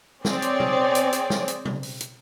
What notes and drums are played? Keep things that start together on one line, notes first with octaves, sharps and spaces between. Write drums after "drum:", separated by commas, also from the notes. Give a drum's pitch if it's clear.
C4 G#4 C#5 D5, drum: snare
drum: hi-hat
drum: tom
drum: hi-hat
drum: hi-hat
drum: snare
drum: hi-hat
drum: tom
drum: open hi-hat
drum: hi-hat